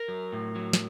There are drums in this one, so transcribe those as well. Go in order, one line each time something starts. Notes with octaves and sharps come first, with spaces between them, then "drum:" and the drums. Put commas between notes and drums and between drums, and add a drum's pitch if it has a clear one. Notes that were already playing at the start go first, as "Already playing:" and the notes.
Already playing: A#4
F#3
A2
F#3
drum: snare